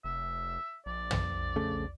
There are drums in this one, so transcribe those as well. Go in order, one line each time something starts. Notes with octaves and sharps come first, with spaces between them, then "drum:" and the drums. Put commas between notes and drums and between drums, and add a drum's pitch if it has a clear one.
F1 E5
A#1 D5
drum: tom
C#3 A3